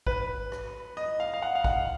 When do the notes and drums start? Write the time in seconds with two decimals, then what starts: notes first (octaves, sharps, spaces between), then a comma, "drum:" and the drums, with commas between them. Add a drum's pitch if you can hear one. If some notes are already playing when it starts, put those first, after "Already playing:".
0.07 B4, drum: kick
0.52 drum: rim click
0.97 D#5
1.20 F5
1.34 F5
1.42 F#5
1.55 F5
1.64 F#5, drum: kick